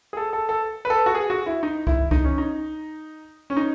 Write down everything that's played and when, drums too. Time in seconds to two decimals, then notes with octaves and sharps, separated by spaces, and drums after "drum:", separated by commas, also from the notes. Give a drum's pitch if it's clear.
0.13 G#4
0.17 A4
0.33 A4
0.49 A4
0.85 B4
0.90 A4
1.06 F#4
1.15 G#4
1.30 F#4
1.46 E4
1.63 D#4
1.87 E4, drum: kick C2
2.11 D#4, drum: kick C2
2.24 C#4
2.38 D#4
3.50 C#4
3.57 D#4